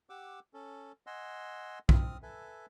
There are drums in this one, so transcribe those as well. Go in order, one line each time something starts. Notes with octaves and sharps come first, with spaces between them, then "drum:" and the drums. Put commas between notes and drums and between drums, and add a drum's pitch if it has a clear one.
G4 F#5 D6 E6
C#4 A4
D#5 F#5 G#5 C6 E6
C4 D#6 F6, drum: kick
A4 B4 E5 G#5